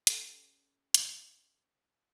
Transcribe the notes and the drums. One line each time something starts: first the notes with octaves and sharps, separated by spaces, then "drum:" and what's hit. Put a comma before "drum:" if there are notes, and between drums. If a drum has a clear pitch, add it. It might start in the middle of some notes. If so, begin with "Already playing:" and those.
C#4 G4 A4, drum: hi-hat
drum: hi-hat